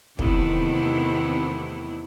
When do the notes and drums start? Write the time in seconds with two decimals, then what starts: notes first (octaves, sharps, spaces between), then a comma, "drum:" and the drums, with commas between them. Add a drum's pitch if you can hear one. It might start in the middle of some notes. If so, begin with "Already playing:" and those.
0.19 E2 C3 D#3 A3 B3 E4, drum: kick